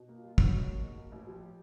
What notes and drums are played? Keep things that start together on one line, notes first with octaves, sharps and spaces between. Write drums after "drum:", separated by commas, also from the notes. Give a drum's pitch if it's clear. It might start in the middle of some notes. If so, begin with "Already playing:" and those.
Already playing: B2
A#3
F4
G3
C#4 F#4, drum: kick
B2
A#3
G#2
A#3
A1
F3 G4